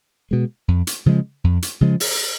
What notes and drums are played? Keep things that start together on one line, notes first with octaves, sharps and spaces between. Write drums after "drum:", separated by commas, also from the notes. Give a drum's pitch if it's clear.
B2 G#3
F2
drum: hi-hat
C#3 F3 G#3
F2
drum: hi-hat
C#3 F3 G#3
drum: open hi-hat